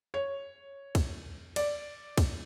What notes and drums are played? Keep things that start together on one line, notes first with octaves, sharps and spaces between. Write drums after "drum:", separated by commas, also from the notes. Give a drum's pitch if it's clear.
C#5
drum: kick, cymbal
D5, drum: cymbal
drum: kick, cymbal